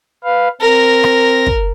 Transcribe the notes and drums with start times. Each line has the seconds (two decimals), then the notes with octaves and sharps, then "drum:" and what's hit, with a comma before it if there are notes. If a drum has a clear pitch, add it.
0.24 B4 F5
0.61 C4 A#4 A#6
1.04 drum: rim click
1.46 drum: kick